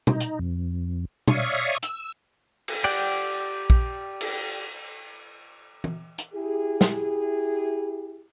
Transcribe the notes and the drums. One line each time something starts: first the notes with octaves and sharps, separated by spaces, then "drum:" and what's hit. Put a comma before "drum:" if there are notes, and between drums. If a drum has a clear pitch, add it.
D#4, drum: tom
drum: hi-hat
F2
C#5 D5 E5 F5 C#6 D#6, drum: tom
E6, drum: hi-hat
drum: cymbal
G4 D5 F#5 G5
drum: kick A#1
drum: cymbal
drum: tom E3
drum: hi-hat
E4 G4 G#4
drum: snare